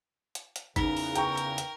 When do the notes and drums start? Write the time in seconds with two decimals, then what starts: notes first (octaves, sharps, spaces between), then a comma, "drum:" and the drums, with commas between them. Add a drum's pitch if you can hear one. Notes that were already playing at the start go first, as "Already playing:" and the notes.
0.35 drum: hi-hat
0.56 drum: hi-hat
0.76 E2 C#3 E3 D#4 A#4, drum: kick G#1, hi-hat
0.97 drum: open hi-hat
1.15 G5 A#5 C#6, drum: hi-hat
1.38 drum: hi-hat
1.58 drum: hi-hat